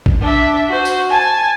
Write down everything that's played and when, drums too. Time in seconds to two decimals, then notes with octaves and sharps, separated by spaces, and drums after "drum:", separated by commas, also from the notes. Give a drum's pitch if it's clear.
0.06 drum: kick
0.21 D4 E5
0.68 F#4 C5
0.85 drum: tambourine
1.09 G#5 A5